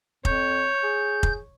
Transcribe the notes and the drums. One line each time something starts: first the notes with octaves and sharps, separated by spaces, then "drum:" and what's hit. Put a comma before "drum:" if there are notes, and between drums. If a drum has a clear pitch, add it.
F2 C#5 G6, drum: kick F1
G#4
drum: kick F1